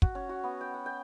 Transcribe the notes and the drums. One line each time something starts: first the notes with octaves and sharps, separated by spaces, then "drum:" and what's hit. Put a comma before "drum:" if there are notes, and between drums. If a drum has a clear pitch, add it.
F#4, drum: kick
C#4
F#4
B3
G5
F#5
G5